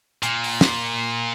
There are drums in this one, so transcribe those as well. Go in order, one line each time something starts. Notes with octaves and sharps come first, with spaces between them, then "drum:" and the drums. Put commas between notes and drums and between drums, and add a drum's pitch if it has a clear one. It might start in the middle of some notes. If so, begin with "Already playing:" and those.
A#2, drum: hi-hat
drum: open hi-hat
drum: snare